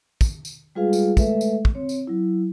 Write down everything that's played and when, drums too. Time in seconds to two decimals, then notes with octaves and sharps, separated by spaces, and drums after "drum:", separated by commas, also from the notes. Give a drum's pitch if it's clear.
0.21 drum: kick, tambourine
0.45 drum: tambourine
0.75 G3 G#3 F4 G#4 B4 F5
0.93 drum: tambourine
1.17 G#3 A3 A4 B4 E5, drum: kick, tambourine
1.41 drum: tambourine
1.65 drum: kick
1.75 C4 C#5
1.89 drum: tambourine
2.07 F#3 E4